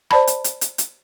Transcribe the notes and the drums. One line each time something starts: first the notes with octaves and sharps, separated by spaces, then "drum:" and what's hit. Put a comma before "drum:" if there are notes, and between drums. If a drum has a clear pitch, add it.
C5 D5 A5 B5, drum: rim click
drum: hi-hat
drum: hi-hat
drum: hi-hat
drum: hi-hat